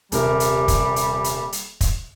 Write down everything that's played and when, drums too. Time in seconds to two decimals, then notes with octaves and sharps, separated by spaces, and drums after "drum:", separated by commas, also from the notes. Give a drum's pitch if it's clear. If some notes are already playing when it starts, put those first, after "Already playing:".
0.12 D#1 C3 G3 A#4, drum: hi-hat
0.40 drum: hi-hat
0.68 drum: kick, hi-hat
0.96 drum: hi-hat
1.24 drum: hi-hat
1.52 drum: hi-hat
1.81 drum: kick, hi-hat